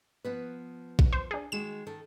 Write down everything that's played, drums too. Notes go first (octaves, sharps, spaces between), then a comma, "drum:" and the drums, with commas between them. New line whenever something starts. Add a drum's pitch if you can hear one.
F3 B3 B4
drum: kick A#1
C5
D4 G#4
D#3 G#3 F#4 E7
D#3 A4